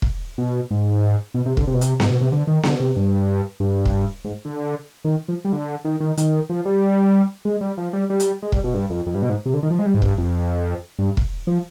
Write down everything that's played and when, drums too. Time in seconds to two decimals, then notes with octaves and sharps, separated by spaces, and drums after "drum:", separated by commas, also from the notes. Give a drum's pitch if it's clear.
0.02 drum: kick
0.38 B2
0.71 G#2
1.34 B2
1.46 C3
1.57 D3, drum: kick
1.67 C3
1.74 B2
1.81 C3, drum: hi-hat
2.00 G#2, drum: snare B3
2.10 B2
2.21 C3
2.32 D3
2.47 D#3
2.63 D3, drum: snare B3
2.80 C3
2.96 G2
3.60 G2
3.85 drum: kick
4.25 G#2
4.45 D3
5.05 D#3
5.28 F3
5.45 G3
5.53 D3
5.85 D#3
6.00 D#3
6.17 D#3, drum: hi-hat
6.50 F3
6.65 G3
7.45 G#3
7.61 G3
7.77 F3
7.93 G3
8.10 G3
8.20 drum: hi-hat
8.42 G#3
8.52 G3, drum: kick
8.64 B2
8.74 G2
8.90 F2
9.07 F2
9.15 G2
9.22 B2
9.30 G#2
9.46 C3
9.54 D3
9.63 D#3
9.70 F3
9.79 G#3
9.86 G3
9.94 G#2
10.02 G2, drum: kick
10.18 F2
10.99 G2
11.17 drum: kick
11.47 F3